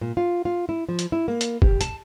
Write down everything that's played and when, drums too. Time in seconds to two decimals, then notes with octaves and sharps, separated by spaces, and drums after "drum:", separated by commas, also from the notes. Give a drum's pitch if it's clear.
0.01 A#2
0.17 F4
0.45 F4
0.69 E4
0.89 F3
0.99 drum: hi-hat
1.12 E4
1.28 A#3
1.41 drum: hi-hat
1.62 G4, drum: kick
1.81 A5, drum: hi-hat